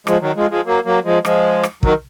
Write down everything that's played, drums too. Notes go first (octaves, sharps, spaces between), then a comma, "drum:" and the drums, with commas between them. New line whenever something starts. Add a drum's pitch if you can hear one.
F3 G#3, drum: rim click
D#3 F#3
F3 G#3
F3 G#3
F#3 A#3
F#3 A#3
F3 G#3
F3 G#3, drum: rim click
drum: rim click
D#3 F#3, drum: kick